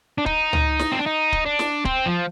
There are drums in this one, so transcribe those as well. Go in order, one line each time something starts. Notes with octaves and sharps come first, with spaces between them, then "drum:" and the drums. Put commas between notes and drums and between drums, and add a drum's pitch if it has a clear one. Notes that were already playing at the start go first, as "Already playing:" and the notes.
D4
D#4, drum: kick
drum: tom C#2
drum: snare
C4
D4
D#4
drum: kick
D4
drum: snare
C4, drum: kick
F3